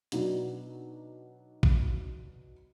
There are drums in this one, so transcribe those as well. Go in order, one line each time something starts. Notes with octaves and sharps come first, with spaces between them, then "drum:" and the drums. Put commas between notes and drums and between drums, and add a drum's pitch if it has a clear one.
B2 F#3 B3 D4 D#4, drum: hi-hat
drum: kick A#1